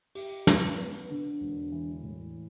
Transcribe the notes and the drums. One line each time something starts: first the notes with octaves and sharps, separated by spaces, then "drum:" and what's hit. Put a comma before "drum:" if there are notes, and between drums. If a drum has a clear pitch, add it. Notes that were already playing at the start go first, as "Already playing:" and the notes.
G4, drum: open hi-hat
B3, drum: snare
B3
D3
E1
E3
A2